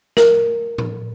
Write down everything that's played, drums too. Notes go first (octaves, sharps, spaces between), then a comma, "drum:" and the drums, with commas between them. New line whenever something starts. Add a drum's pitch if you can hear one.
A#4, drum: snare
drum: tom A2